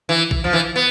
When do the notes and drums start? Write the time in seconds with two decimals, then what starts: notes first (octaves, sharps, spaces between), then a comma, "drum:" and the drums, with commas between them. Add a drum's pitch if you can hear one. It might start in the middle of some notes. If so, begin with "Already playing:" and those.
0.09 E3
0.31 drum: kick
0.44 F3
0.53 E3
0.76 B3